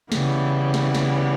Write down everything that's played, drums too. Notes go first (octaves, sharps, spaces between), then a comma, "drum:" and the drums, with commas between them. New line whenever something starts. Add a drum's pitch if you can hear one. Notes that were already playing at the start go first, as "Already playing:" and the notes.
C#3 E3 G3 B3, drum: snare
drum: snare
drum: snare